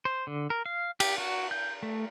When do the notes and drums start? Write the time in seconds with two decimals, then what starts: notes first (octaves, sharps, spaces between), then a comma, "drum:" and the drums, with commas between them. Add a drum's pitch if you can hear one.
0.05 C5
0.27 D3
0.50 A#4
0.66 F5
1.00 G4, drum: cymbal
1.18 F#4
1.51 G6
1.83 A3